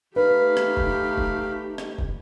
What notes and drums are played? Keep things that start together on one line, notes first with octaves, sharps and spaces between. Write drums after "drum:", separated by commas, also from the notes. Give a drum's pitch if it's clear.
A3 D#4 G4 B4 F5 B5
drum: rim click
drum: kick E1
drum: kick E1
drum: rim click
drum: kick E1